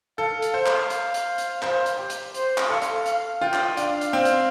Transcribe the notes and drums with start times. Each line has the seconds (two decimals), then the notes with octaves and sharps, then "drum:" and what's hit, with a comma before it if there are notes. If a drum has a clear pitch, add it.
0.18 A4 F5
0.42 drum: hi-hat
0.54 C5 F5
0.66 drum: clap
0.90 drum: hi-hat
1.14 drum: hi-hat
1.38 drum: hi-hat
1.62 C5, drum: clap
1.86 drum: hi-hat
1.98 G4
2.10 drum: hi-hat
2.34 C5, drum: hi-hat
2.58 drum: clap
2.69 A4 F5
2.82 drum: hi-hat
3.06 F5, drum: hi-hat
3.41 F4 G5
3.53 drum: clap
3.77 D4 F5, drum: hi-hat
4.01 drum: hi-hat
4.13 C4
4.25 drum: hi-hat